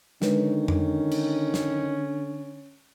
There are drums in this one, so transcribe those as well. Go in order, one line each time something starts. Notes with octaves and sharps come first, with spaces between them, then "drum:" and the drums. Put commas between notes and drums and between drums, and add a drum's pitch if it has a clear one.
D3 D#3 G#3 C#4 B4 C#5, drum: snare
drum: tom F2
drum: cymbal
drum: snare